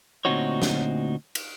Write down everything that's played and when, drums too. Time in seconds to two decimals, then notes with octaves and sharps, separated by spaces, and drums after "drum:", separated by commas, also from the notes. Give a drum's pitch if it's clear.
0.25 D2 A#2 C4 D#4 F#4 C#5
0.62 drum: snare
1.35 drum: cymbal